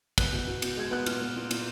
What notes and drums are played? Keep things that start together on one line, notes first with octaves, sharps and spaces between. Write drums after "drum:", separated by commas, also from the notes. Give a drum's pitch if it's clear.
B3 F#6, drum: kick, cymbal
B2
B2
B2, drum: cymbal
G#3 G#6
B3 F#6
A#2 F6, drum: cymbal
B3
A#2
A#2, drum: cymbal